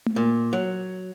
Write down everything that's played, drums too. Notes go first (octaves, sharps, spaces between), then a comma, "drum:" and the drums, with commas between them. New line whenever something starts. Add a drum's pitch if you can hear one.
drum: tom A3
A#2
F#3